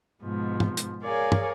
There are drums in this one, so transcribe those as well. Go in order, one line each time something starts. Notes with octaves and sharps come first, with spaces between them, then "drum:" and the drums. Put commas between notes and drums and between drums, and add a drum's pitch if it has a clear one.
G#2 B2 F3
drum: tom G#2
drum: hi-hat
G#4 A#4 C#5 D5 F5 G#5
drum: tom